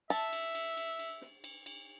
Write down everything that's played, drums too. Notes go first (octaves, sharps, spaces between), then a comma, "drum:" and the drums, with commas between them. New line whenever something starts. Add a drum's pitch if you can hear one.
E5 A5, drum: cymbal
drum: cymbal
drum: cymbal
drum: cymbal
drum: cymbal
drum: snare
drum: cymbal
drum: cymbal